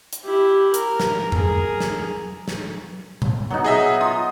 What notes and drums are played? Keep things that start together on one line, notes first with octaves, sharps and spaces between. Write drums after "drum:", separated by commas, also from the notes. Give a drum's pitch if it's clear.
drum: hi-hat
E4 G4
A#4, drum: hi-hat
drum: snare
G#4 A#4, drum: tom F2
drum: snare
drum: snare
drum: tom A#2
F#3 B3 D#4
G#4 D#5 E5
F4 D#6